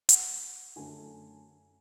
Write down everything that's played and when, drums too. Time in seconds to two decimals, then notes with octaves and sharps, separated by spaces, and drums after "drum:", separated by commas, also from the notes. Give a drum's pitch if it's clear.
0.09 F#5, drum: hi-hat
0.76 F#2 D3 A3 G#5